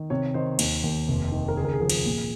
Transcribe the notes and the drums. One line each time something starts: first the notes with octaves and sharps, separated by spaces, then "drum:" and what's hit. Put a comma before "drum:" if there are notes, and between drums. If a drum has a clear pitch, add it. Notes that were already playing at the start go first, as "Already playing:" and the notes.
Already playing: D#3
C3 C#5
D#3 C5
D#2, drum: cymbal
D#2
F1
D#3
A#4
C#2 G#4
A#4
G#4
F3 A#4
G#4, drum: cymbal
A#2